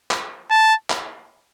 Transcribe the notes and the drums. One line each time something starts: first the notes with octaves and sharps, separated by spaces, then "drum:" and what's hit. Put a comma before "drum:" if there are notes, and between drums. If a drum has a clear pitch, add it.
drum: clap
A5
drum: clap